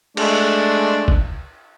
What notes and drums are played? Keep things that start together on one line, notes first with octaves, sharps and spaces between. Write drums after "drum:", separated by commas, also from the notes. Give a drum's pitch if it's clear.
G#3 A3 D4, drum: cymbal
drum: kick